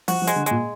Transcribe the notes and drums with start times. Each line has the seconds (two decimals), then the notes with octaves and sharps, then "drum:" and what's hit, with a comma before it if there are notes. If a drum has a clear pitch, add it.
0.08 F3 F#4, drum: open hi-hat
0.22 F3
0.27 G#3, drum: hi-hat
0.36 D3
0.46 A#2 G#3, drum: hi-hat